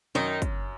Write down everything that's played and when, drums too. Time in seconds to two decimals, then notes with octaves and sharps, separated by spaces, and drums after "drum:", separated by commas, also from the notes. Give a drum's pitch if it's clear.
0.15 F#2 D#3 D#4
0.42 drum: kick, hi-hat